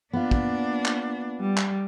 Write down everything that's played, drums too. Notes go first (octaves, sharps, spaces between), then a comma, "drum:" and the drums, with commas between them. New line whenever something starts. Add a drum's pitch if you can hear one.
A#3 B3 D4 F4
drum: kick
drum: clap
G3
drum: clap